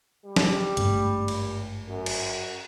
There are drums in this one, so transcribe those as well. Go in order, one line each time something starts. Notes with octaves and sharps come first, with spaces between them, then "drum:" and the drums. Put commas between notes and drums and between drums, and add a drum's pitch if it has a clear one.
G3
drum: snare
G#1 G2 A3, drum: hi-hat
drum: cymbal
F#2
drum: cymbal